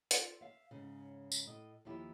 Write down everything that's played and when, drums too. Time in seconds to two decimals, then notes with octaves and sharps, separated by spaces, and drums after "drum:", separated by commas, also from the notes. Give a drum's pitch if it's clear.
0.11 F4 A4 D5, drum: hi-hat
0.41 E5 F5
0.71 G#2 C#3
1.32 drum: tambourine
1.46 A2 D#5
1.85 D#2 F3 D#4 E4 G4